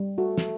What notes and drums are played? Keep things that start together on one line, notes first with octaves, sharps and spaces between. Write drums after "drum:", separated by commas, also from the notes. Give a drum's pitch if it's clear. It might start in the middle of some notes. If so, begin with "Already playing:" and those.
Already playing: G3
A3 F#4
drum: snare